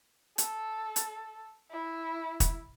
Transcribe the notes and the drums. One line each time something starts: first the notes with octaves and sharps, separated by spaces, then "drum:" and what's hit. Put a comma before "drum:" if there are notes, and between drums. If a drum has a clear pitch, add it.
A4, drum: hi-hat
drum: hi-hat
E4
drum: kick, hi-hat